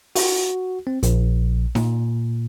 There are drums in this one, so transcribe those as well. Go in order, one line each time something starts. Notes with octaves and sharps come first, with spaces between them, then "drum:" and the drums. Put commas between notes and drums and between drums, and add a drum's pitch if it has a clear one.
F#4, drum: open hi-hat
C4
A#1, drum: hi-hat
A#2, drum: snare D#4